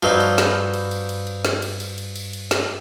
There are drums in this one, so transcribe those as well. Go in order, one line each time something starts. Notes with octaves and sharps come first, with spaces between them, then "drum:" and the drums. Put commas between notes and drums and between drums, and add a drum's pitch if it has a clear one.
G2 F3 F#3 D#4 F#4 B4 D5 G6, drum: cymbal
drum: cymbal
drum: snare
drum: cymbal
drum: cymbal
drum: cymbal
drum: cymbal
drum: snare
drum: cymbal
drum: cymbal
drum: cymbal
drum: cymbal
drum: cymbal
drum: snare